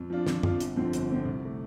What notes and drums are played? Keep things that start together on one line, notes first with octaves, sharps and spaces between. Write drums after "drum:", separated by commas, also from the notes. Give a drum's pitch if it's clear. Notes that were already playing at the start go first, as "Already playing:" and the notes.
Already playing: F2
F3 D4 F4
F2, drum: snare
F3 D4 F4, drum: tom F#2
G1, drum: hi-hat
F2 D3 F3 C4
G1, drum: hi-hat
F2 D3 F3 C4
C2
C3 A3